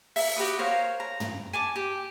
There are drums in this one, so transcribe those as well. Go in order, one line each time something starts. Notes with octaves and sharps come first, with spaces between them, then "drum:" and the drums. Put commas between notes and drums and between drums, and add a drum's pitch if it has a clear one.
E5, drum: open hi-hat
F#4 G4 B4 D#6
A#4 C5 C#5 F5
A#5
drum: tom
G#5 A5 D6
G4